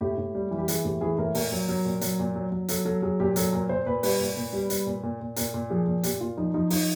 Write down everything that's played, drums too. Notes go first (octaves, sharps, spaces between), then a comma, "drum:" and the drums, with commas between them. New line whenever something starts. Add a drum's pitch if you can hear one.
A2 G4
A2
G3
E3
G4
E3 G#4, drum: hi-hat
A2 G4
E3 G#4
A2 A#4
A#2 A#4, drum: open hi-hat
F#3
F#3
A#2
F#3, drum: hi-hat
A#2
F#3
F#3
F#3 A4, drum: hi-hat
F#3 A4
F#3 G#4
A#2 G4
F#3 A4, drum: hi-hat
A#2 A#4
A#2 C5
A#2 B4
G3 B4, drum: open hi-hat
A#2
A#2
G3
G3, drum: hi-hat
A#2
A#2
A#2
A#2 A#4, drum: hi-hat
A#2
F3 G#4
A#2
A#2 G4, drum: hi-hat
A#2 F4
F3 D#4
F3 D#4
F3 D#4, drum: open hi-hat